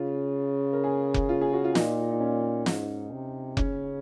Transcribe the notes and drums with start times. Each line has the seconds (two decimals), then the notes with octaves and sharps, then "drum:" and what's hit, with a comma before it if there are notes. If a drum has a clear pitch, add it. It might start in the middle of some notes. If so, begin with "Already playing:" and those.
Already playing: C#3 F4
0.73 A#4
0.84 G#4
1.14 drum: kick F1
1.29 F4
1.41 G#4
1.53 F#4
1.64 F4
1.75 A#2 D#4, drum: snare
2.11 D#4
2.20 C#4
2.66 G#2 C#4, drum: snare
3.12 C3
3.57 C#3 C#4, drum: kick F1